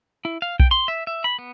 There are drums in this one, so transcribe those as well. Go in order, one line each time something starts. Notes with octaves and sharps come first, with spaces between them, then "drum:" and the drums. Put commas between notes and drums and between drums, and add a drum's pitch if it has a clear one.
E4
F5
G5, drum: kick
C6
E5
E5
B5
B3